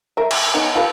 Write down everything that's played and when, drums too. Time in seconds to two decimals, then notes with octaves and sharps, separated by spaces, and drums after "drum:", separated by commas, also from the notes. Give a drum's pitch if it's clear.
0.17 A#4 E5
0.31 drum: cymbal
0.54 B3 C#4 D#4
0.75 F4 G4 B4